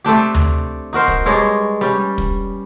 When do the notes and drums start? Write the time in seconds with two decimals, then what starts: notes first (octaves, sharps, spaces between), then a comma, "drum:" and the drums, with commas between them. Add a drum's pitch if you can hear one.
0.04 A3 C4 D4 G4
0.34 drum: tom D2
0.93 D#4 F#4 A#4 C5
1.08 drum: kick
1.26 G2 G#3 C#5 D5
1.81 G3 C#4
2.18 drum: kick